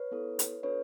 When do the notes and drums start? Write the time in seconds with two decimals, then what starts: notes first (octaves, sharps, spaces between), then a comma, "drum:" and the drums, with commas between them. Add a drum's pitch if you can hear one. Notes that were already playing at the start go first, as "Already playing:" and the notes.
Already playing: B4 C#5
0.11 B3 E4 A4
0.39 drum: hi-hat
0.63 B3 D4 F#4 A4 B4 C#5